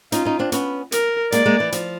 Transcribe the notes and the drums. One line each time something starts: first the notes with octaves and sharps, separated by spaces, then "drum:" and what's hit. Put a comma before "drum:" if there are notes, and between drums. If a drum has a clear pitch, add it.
C#4 D#4 F4, drum: hi-hat
C#4 D#4
C4 D4
B3 C#4, drum: hi-hat
A#4, drum: hi-hat
G#3 A#3 D5, drum: hi-hat
G#3 A#3
E3
F3, drum: hi-hat